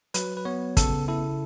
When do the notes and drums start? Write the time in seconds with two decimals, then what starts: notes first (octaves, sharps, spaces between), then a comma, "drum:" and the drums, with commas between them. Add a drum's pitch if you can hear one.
0.14 F#3 B4, drum: hi-hat
0.37 B4
0.45 B3 C#5
0.77 C#3 A4, drum: kick, hi-hat
1.08 E4 A4